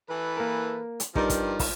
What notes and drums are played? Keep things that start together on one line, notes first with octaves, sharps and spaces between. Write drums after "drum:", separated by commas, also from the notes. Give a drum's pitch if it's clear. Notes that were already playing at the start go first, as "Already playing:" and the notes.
E3 A4 B4
A#3 A#4
drum: hi-hat
G2 F3 G3 D#4 A#4, drum: kick
drum: kick, hi-hat
drum: kick, open hi-hat